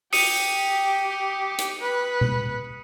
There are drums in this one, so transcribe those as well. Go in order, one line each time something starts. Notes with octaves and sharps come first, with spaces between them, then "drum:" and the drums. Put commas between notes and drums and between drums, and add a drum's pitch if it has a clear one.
G4 D#6 C#7 D#7, drum: open hi-hat
drum: hi-hat
B4
drum: tom B2